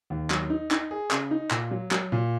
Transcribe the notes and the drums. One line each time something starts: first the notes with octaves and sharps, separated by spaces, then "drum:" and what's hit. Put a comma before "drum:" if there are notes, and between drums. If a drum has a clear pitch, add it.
D#2
F#3, drum: clap
D#4
D#4, drum: clap
G#4
C#3, drum: clap
D#4
A#2, drum: clap
F#3
F#3, drum: clap
A#2